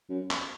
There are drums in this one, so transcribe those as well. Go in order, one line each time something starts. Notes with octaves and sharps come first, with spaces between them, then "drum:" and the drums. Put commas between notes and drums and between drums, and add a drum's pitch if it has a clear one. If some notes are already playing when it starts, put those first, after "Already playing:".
F#2
drum: clap